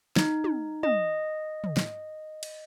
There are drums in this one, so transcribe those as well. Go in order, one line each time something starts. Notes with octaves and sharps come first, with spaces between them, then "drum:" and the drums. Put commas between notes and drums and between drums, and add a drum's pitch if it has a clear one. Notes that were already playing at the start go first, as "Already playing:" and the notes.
D#4, drum: snare
drum: tom
D#5, drum: tom
drum: tom
drum: snare
drum: cymbal